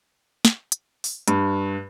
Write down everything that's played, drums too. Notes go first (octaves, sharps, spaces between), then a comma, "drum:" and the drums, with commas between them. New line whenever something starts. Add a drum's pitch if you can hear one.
drum: snare
drum: hi-hat
drum: open hi-hat
G2, drum: hi-hat